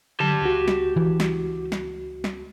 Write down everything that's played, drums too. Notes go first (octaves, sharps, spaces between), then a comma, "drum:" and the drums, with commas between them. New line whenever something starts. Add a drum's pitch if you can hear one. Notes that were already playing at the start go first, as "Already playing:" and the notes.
D3 F#3 G4 A5
C#2 F#4
drum: snare
E3
drum: snare
drum: snare
drum: snare